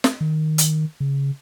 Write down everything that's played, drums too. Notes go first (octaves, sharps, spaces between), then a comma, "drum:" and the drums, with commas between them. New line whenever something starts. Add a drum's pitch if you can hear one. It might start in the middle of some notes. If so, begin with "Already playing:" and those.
drum: snare
D#3
drum: hi-hat
C#3